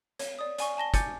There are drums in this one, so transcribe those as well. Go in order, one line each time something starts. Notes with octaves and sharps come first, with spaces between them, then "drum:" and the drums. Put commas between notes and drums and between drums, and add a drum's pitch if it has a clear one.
C#5, drum: hi-hat
D5 D#6
D5 G#5 C#6, drum: hi-hat
G#5 A5 A#6 G7
G#5 D6 G6 A6 C#7, drum: kick, hi-hat